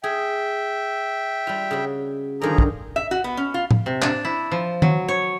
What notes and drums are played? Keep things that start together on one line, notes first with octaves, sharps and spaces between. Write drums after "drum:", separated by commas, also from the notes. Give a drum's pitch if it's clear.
G#4 E5 G5
G3 F4
C#3 F#4
D3 D#3 F3 G3 G#4 A#5
drum: kick
E5
F#4
B3
C#4
F4
drum: tom A2
C3
D4, drum: clap
E4
F3
F#3, drum: tom
C#5